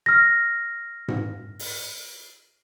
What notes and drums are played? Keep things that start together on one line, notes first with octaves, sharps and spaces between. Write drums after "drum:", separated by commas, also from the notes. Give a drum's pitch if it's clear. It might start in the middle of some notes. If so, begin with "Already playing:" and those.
F6 A#6
drum: tom G#2
drum: open hi-hat